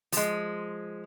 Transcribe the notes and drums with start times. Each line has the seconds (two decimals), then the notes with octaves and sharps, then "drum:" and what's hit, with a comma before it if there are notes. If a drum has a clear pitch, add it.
0.12 F3 G#3, drum: open hi-hat